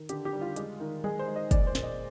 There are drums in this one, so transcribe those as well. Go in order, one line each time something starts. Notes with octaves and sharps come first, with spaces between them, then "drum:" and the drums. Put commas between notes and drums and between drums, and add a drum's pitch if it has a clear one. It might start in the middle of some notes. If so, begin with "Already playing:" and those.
Already playing: D#3
D3 G4, drum: hi-hat
G4
G3
F4
G#3, drum: hi-hat
D#3
G#3 G#4, drum: tom F#3
C5
G#3
D#5
A#2 D5, drum: kick, hi-hat
C5
A#2, drum: snare
D#5